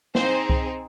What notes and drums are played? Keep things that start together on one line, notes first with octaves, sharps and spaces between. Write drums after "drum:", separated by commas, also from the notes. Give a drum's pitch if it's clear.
C4 D#4 G#4 C5, drum: snare
drum: kick C2